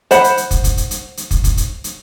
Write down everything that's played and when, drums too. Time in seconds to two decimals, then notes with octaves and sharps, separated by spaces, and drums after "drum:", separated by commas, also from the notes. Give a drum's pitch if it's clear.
0.11 C5 F#5 B5, drum: hi-hat
0.24 drum: hi-hat
0.37 drum: hi-hat
0.51 drum: kick, hi-hat
0.64 drum: kick, hi-hat
0.77 drum: hi-hat
0.91 drum: hi-hat
1.17 drum: hi-hat
1.31 drum: kick, hi-hat
1.44 drum: kick, hi-hat
1.57 drum: hi-hat
1.84 drum: hi-hat